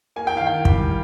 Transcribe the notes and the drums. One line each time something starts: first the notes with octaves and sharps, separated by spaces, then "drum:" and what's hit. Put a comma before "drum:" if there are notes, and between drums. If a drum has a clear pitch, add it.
A#3 G#5
G5
D#3 F5
G5
G3, drum: kick